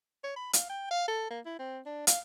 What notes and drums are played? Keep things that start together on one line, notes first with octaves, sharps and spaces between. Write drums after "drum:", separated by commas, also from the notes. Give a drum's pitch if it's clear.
C#5
B5
F5, drum: hi-hat
G5
F5
A4
A#3
E4
C4
D4
F5, drum: hi-hat